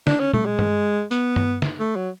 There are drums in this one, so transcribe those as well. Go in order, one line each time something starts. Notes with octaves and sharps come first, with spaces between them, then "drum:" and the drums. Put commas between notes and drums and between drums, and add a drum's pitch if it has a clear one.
D4, drum: snare
C#4
A3, drum: tom A#2
G#3
drum: tom G2
B3, drum: tambourine
drum: tom G2
drum: snare
A3
F#3